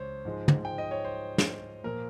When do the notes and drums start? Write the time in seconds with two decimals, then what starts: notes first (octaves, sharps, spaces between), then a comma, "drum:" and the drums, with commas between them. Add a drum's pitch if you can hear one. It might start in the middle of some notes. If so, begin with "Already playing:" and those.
Already playing: C#2 C#3 C5 C#5
0.25 G#2 F3 G#3
0.48 drum: tom
0.65 G5
0.78 D#5
0.91 C#5
1.05 C5
1.38 drum: snare
1.84 A#2 F3 A#3 A#4